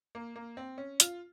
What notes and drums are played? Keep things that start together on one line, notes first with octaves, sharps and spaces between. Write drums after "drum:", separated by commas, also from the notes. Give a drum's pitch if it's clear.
A#3
A#3
C4
C#4
F4, drum: hi-hat